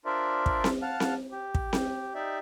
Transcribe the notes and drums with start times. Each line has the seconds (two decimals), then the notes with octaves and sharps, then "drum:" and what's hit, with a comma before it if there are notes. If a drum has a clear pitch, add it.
0.05 D4 F4 A#4 C5 D5 E5
0.46 drum: kick
0.64 drum: snare C4
0.82 F5 F#5 A5 F6
1.00 drum: snare C4
1.32 G4
1.55 drum: kick
1.73 drum: snare C4
2.15 D#4 G4 D5 E5